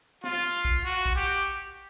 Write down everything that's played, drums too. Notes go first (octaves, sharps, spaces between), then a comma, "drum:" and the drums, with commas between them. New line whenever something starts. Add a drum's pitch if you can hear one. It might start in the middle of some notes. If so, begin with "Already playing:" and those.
F4, drum: snare
drum: kick
F#4
drum: kick
G4